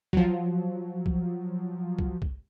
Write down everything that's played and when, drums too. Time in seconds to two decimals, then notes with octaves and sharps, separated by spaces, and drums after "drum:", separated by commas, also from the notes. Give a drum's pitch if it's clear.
0.13 F3 F#3, drum: kick C2
1.06 drum: kick C2
1.99 drum: kick C2
2.22 drum: kick C2